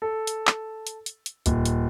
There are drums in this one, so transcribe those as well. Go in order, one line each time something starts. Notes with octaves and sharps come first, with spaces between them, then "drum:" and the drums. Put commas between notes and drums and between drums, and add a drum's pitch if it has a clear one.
A4
drum: hi-hat
drum: clap
drum: hi-hat
drum: hi-hat
drum: hi-hat
D#1, drum: hi-hat
drum: hi-hat